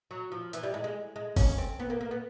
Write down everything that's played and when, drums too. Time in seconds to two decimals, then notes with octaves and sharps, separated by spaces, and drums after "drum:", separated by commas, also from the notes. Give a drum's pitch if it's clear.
0.11 F#3
0.32 F3
0.53 E3, drum: hi-hat
0.63 G3
0.74 G#3
0.84 G#3
1.16 G#3
1.36 C#4, drum: kick F#1, open hi-hat
1.58 C4
1.80 B3
1.90 A#3
2.01 A#3
2.11 B3